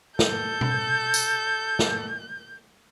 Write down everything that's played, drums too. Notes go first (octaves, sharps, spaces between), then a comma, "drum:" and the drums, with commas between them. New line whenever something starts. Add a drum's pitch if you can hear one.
A4 G6, drum: snare
drum: tom B2
drum: tambourine
drum: snare